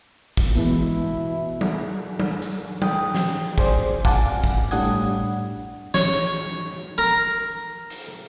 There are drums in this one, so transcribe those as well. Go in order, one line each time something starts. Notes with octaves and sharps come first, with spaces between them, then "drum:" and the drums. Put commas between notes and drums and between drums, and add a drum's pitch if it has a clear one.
drum: kick
B2 E3 G#3 E4, drum: hi-hat
drum: tom F#3
drum: tom F#3
drum: hi-hat
G5 D#6, drum: tom F#3
drum: snare
G#4 C5 D5, drum: kick
F5 F#5 G#5 A5 D6, drum: kick
drum: kick
A2 G3 D4 F#5 D#6 G#6, drum: hi-hat
C#5, drum: snare
A#4
drum: hi-hat